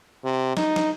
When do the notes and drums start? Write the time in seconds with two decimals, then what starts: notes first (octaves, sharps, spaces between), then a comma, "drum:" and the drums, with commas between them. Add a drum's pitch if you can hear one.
0.24 C3
0.57 D#4, drum: snare
0.76 drum: snare